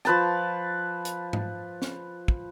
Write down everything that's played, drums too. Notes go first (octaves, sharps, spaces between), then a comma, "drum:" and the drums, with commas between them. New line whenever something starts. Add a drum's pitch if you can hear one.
F3 B4 A5, drum: rim click
drum: hi-hat
drum: tom G#2
drum: snare
drum: kick